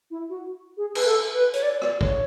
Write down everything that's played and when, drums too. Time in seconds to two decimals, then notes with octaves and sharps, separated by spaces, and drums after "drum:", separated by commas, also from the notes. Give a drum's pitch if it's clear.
0.11 E4
0.29 F#4
0.77 G#4
0.95 B4, drum: cymbal
1.06 A4
1.34 B4
1.53 C#5, drum: hi-hat
1.62 D5
1.81 D5, drum: rim click
2.01 C#5, drum: kick